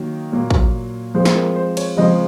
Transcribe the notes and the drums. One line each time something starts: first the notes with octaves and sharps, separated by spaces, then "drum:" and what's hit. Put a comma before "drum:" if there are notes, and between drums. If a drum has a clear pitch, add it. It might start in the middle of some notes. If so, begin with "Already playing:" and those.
Already playing: D#3 F#3 A#3
A#2 F#3 A#3
drum: kick
F3 G#3 C4 C5
drum: snare
A#4
C5
C#5, drum: cymbal
C#3 F3 G#3 C4 D#5